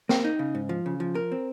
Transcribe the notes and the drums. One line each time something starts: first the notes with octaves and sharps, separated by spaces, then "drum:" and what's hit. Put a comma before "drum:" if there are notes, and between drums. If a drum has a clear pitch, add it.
A#3, drum: snare
D#4
C#3
G#2
F3
C#3
F3
A#4
C4